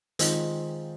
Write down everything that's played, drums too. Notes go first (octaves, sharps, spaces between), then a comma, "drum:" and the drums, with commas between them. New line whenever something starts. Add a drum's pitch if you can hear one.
D#3 G#3 C4 F4, drum: hi-hat